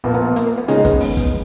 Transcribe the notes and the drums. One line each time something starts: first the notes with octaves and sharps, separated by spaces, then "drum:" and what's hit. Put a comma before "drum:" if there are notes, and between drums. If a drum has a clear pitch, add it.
A#1 A#2 A#3 B3
B3
B3
A#3, drum: hi-hat
A#3
B3
C#3 G#3 C#4 D#4 G#4, drum: hi-hat
B3, drum: kick, hi-hat
B3, drum: open hi-hat
drum: kick, hi-hat